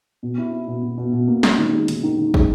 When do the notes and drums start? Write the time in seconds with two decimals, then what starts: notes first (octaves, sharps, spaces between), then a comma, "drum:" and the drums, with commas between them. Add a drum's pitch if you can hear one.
0.23 B2
0.38 E4
0.53 E4
0.68 B2
0.83 B2
0.98 B2
1.13 B2
1.28 A#3
1.43 C#4, drum: snare
1.58 D#3
1.73 G#3
1.88 D#3, drum: hi-hat
2.03 D#3
2.18 D#3
2.34 G#3, drum: kick